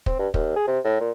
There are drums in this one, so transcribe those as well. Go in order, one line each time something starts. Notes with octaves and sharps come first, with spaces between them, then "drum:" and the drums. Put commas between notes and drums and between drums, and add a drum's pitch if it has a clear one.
C4, drum: kick
G2
D#2, drum: kick
G#4
C3
A2
A#2